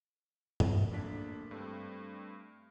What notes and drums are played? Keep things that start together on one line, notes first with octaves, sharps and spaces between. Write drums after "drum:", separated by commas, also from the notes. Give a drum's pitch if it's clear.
drum: tom
G#1 A3 A#3 D4 B6
G2 G3 A3 C4